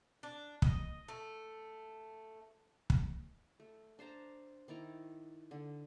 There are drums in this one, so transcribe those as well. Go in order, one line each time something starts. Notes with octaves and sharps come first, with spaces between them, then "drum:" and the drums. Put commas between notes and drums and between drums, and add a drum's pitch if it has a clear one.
D4
D#5, drum: kick
A3
drum: kick
A3
D4 C5 A5 A#5
D#3 E4 D5 A#5
D3